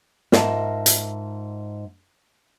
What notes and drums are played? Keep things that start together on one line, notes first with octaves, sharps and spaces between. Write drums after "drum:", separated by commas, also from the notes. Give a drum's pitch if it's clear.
G#2 F4 A#4 E5 A5, drum: snare
drum: hi-hat